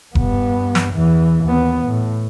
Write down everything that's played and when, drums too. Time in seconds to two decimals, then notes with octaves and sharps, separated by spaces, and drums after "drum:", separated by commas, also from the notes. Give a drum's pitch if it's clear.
0.15 G2 B3, drum: kick F1
0.75 drum: snare
0.93 E2 E3
1.44 D#2 B3
1.86 A2